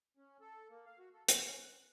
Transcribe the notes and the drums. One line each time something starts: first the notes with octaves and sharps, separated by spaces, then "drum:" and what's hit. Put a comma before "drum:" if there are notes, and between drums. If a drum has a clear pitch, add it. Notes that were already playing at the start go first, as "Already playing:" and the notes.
C#4
A4
A#3
F5
F#4
A4
D#3, drum: hi-hat
C#4
F#6